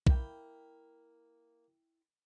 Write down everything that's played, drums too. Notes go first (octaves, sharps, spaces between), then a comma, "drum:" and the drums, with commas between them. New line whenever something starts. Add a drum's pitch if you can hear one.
A#3 E4 G5, drum: kick